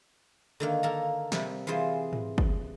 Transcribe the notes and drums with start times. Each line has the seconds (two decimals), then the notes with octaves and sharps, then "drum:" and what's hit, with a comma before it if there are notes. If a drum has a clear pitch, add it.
0.60 D3 D#3 A#3
0.83 A#3 A4 A#5
1.32 C3 G3, drum: snare
1.67 E3 F4 G#4 C5
2.13 drum: tom G#2
2.38 drum: kick